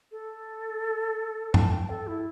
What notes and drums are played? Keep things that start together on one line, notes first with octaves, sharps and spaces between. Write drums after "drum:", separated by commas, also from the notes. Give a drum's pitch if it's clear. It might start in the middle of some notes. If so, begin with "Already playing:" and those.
A4
A5, drum: tom G2
G5
A4
E4